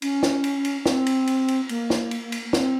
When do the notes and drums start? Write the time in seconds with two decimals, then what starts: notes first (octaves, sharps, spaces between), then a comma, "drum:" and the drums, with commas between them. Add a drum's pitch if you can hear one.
0.02 C#4, drum: cymbal
0.23 drum: snare
0.44 drum: cymbal
0.65 drum: cymbal
0.86 C4, drum: snare
1.06 drum: cymbal
1.27 drum: cymbal
1.48 drum: cymbal
1.69 A#3, drum: cymbal
1.90 drum: snare
2.11 drum: cymbal
2.32 drum: cymbal
2.53 C4, drum: snare